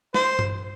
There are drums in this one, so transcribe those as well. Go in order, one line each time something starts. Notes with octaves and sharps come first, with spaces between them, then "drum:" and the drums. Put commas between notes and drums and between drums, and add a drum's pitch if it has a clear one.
C5, drum: snare
drum: tom G2